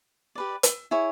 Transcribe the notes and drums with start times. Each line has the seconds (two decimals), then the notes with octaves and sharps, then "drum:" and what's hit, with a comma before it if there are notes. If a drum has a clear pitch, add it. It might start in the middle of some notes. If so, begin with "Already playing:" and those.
0.35 G4 B4 D5
0.63 drum: hi-hat
0.91 E4 G#4 C#5